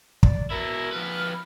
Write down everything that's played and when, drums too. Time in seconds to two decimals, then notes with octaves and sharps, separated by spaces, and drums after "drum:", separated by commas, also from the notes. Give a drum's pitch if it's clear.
0.23 D5, drum: kick
0.50 B2 E4 A#4
0.93 F2 B4 F6